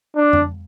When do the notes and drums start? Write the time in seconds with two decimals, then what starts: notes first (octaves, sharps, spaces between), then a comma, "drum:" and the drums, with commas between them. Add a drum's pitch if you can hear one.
0.16 D4
0.33 drum: tom F2